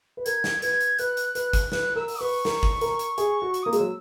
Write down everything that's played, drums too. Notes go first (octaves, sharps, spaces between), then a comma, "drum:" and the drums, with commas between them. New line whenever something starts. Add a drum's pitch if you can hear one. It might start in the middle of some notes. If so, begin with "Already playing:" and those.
B4
A#4 G#6, drum: hi-hat
drum: snare
B4 G#6, drum: hi-hat
drum: hi-hat
B4 F#6, drum: hi-hat
drum: hi-hat
B4, drum: hi-hat
drum: kick, hi-hat
B4 F#6, drum: snare
A#4 E6
drum: open hi-hat
B4 C#6
A#4, drum: snare
drum: kick
A#4, drum: hi-hat
drum: hi-hat
G#4, drum: hi-hat
F#4
drum: hi-hat
A#3 D#6
G#3, drum: hi-hat
F#3 E6